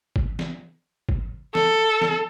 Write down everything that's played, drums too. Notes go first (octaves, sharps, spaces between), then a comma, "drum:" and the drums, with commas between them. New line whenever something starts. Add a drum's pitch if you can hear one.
drum: kick
drum: snare
drum: kick
A4, drum: snare
drum: snare